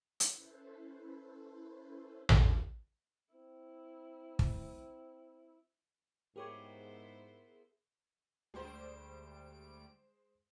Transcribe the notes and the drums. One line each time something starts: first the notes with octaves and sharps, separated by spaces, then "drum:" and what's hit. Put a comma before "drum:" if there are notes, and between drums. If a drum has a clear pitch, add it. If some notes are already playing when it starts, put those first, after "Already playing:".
C#4 E4 A4 B4 C5, drum: hi-hat
drum: tom A1
C4 E4
drum: kick
G#2 B3 E4 G4 G#4 A#4 C5 C#5
D2 G3 G#3 C5 D7